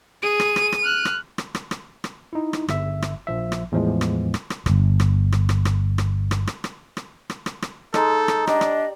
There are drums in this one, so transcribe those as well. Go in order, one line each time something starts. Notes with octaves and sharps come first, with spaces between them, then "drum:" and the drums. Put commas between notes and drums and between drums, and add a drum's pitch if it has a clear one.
G#4 D#7
drum: rim click
drum: rim click
drum: rim click
F6 F#6
drum: rim click
drum: rim click
drum: rim click
drum: rim click
drum: rim click
D#4 E4
drum: rim click
G1 E5, drum: rim click
drum: rim click
A#1 F3 E5
drum: rim click
E2 A2 F3 G#3
drum: rim click
drum: rim click
drum: rim click
D1 G1, drum: rim click
drum: rim click
drum: rim click
drum: rim click
drum: rim click
drum: rim click
drum: rim click
drum: rim click
drum: rim click
drum: rim click
drum: rim click
drum: rim click
drum: rim click
G#3 D#4 A4, drum: rim click
drum: rim click
D4 G4 D5 D#5, drum: rim click
drum: rim click